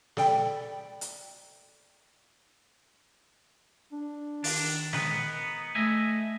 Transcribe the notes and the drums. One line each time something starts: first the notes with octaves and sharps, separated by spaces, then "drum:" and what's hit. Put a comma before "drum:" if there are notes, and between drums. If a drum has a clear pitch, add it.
A4 D5 G5 B5, drum: snare
drum: hi-hat
D4
D#3 D4, drum: open hi-hat
B3 D#4 B4, drum: snare
A3 D#5 E5 G#5